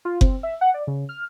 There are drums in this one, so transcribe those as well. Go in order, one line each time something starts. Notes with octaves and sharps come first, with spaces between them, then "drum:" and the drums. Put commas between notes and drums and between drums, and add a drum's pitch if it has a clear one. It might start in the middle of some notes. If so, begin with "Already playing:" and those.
F4
C4, drum: kick F#1
E5
F#5
D5
C#3
F6